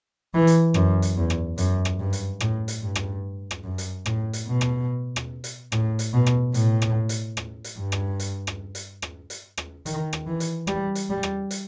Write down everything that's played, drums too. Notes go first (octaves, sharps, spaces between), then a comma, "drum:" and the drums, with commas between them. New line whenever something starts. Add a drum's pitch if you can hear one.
E3
drum: hi-hat
F#2, drum: rim click
drum: hi-hat
E2
drum: rim click
F#2, drum: hi-hat
drum: rim click
G2
drum: hi-hat
A2, drum: rim click
drum: hi-hat
G2
drum: rim click
drum: rim click
F#2
drum: hi-hat
A2, drum: rim click
drum: hi-hat
B2
drum: rim click
drum: rim click
drum: hi-hat
A2, drum: rim click
drum: hi-hat
B2
drum: rim click
A2, drum: hi-hat
drum: rim click
drum: hi-hat
drum: rim click
drum: hi-hat
G2
drum: rim click
drum: hi-hat
drum: rim click
drum: hi-hat
drum: rim click
drum: hi-hat
drum: rim click
D#3, drum: hi-hat
drum: rim click
E3
drum: hi-hat
G3, drum: rim click
drum: hi-hat
G3
drum: rim click
drum: hi-hat